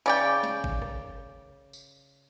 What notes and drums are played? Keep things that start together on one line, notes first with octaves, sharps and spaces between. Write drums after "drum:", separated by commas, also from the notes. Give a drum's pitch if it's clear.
C#3 D5 G5
drum: snare
drum: kick
drum: rim click
drum: tambourine